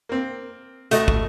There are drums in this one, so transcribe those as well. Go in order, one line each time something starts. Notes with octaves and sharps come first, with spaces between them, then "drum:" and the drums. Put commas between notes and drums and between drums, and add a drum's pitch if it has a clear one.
A#3 C4
C#2 A3 F#4 D#5, drum: hi-hat
drum: kick